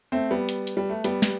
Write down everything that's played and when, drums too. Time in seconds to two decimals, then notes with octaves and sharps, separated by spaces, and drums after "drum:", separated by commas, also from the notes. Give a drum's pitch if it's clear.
0.12 A3 C4
0.31 G3 B3
0.49 drum: hi-hat
0.67 drum: hi-hat
0.77 G3
0.89 A3
1.04 G3 B3, drum: hi-hat
1.22 drum: snare